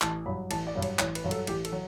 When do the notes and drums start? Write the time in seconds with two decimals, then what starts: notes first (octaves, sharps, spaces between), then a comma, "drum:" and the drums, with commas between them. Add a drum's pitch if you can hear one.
0.02 A1 A5, drum: clap
0.26 G2 F#3 B5
0.51 A1 A5, drum: cymbal
0.67 D5
0.75 G2 F#3
0.82 C#5, drum: cymbal
0.99 A1 C#5, drum: clap
1.15 B4, drum: cymbal
1.24 G2 F#3
1.31 A4, drum: cymbal
1.47 A1 G4, drum: cymbal
1.65 A4, drum: cymbal
1.72 F#3